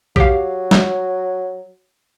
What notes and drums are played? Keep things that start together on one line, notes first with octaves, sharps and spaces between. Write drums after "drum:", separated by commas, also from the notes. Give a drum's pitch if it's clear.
F#3 G4 F5, drum: kick
drum: snare